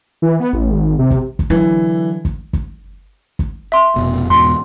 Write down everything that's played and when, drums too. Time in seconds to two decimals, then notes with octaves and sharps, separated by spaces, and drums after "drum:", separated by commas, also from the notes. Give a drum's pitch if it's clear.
0.22 E3
0.40 B3
0.53 A1
0.71 G#1
0.99 C3
1.10 drum: kick
1.39 drum: kick
1.50 D3 E3 F#3
2.25 drum: kick
2.53 drum: kick
3.39 drum: kick
3.72 E5 C6
3.96 F1 B2
4.30 E2 G#2 B2 C6